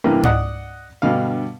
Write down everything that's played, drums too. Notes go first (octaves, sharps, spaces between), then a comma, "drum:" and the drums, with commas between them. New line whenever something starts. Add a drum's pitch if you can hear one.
A1 G2 C3 E3 A#3
D5 D#5 F#5, drum: tom G#2
G2 B2 D3 F5